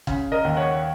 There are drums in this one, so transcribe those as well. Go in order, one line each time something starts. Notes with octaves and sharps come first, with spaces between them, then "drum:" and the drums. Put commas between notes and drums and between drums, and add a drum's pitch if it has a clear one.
C#3, drum: kick
A#4 D#5
D#2
C#5 F#5